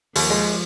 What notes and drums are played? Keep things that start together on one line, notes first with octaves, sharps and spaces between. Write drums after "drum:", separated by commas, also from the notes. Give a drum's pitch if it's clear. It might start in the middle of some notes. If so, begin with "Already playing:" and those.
D#2 F3, drum: open hi-hat
G#3